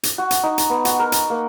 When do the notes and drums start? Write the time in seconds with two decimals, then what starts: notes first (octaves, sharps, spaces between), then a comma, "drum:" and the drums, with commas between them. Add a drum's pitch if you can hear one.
0.03 drum: hi-hat
0.18 F#4
0.31 drum: hi-hat
0.43 D#4
0.58 drum: hi-hat
0.69 B3
0.85 F#4, drum: hi-hat
0.99 A#4
1.12 drum: hi-hat
1.30 A#3